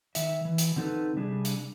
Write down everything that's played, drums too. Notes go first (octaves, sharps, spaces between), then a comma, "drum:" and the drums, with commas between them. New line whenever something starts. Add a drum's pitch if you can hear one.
D#3 E5, drum: hi-hat
E3
drum: hi-hat
D3 C4 D#4 F#4 A4 B4
C3 G3 D4 G#4
drum: hi-hat